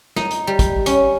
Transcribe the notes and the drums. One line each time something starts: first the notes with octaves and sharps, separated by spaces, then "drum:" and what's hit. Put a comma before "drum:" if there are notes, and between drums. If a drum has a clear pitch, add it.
D#4, drum: snare
drum: hi-hat
G3
drum: kick, hi-hat
C#4, drum: hi-hat